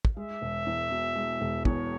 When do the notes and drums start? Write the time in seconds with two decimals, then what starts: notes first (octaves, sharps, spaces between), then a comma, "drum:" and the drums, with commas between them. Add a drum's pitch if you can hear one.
0.05 drum: kick
0.17 G#3 E5
0.42 E1
0.67 E2
0.91 B2
1.16 G#3
1.41 E1
1.65 E2 C#5, drum: kick